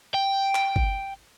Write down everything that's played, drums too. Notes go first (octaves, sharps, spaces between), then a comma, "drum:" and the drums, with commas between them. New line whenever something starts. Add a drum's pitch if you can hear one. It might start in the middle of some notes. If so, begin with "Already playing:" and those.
G5
drum: clap
drum: kick